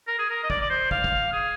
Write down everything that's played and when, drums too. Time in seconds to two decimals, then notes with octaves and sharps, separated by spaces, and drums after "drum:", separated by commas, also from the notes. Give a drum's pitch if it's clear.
0.07 A#4
0.19 G#4
0.30 A#4
0.43 D#5
0.50 D5, drum: kick
0.61 D5
0.70 C5
0.91 F5, drum: kick
1.04 drum: kick
1.32 G#4